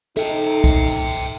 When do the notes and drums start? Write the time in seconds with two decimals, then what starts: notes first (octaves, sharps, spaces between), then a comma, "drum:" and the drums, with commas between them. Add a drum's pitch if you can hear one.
0.17 D#4 A4 E5 G5, drum: tambourine
0.64 drum: kick, tambourine
0.87 drum: tambourine
1.11 drum: tambourine